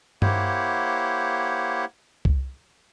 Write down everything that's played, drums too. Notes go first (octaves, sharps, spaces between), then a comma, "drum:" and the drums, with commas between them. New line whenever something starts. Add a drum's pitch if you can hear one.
A#3 E4 G4 C5 C#5 F#5, drum: tom G2
drum: kick C2